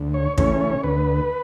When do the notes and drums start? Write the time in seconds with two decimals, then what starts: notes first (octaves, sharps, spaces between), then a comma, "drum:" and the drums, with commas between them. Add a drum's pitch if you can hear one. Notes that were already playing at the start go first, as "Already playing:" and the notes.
Already playing: D2
0.14 C#5
0.38 C#3 E3 A3 C#4 C#5, drum: kick
0.61 C#5
0.84 D2 B4